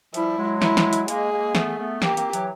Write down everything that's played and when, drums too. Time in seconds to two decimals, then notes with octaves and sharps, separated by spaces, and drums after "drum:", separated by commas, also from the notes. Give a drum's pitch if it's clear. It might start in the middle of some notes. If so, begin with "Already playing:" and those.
0.14 F3 G3 E4, drum: hi-hat
0.38 F#3 G#3
0.62 E4, drum: snare
0.77 drum: snare
0.93 drum: hi-hat
1.08 G#3 A#3 G#4, drum: hi-hat
1.31 G#3 A#3
1.55 A3 B3, drum: snare
1.79 A3 B3
2.02 A#3 C4 G4, drum: snare
2.17 A#3 C4, drum: hi-hat
2.33 E3 F#3, drum: hi-hat